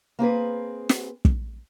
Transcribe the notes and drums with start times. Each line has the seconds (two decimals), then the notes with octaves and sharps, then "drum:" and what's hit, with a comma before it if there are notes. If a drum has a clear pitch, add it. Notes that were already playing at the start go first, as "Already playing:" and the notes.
0.19 A#3 C4 G#4 B4
0.89 drum: snare
1.25 drum: kick